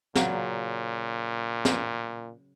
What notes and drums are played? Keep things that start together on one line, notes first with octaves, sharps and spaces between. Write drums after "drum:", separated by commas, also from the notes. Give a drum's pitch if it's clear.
A#2 C#3 F#3 D5, drum: snare
drum: snare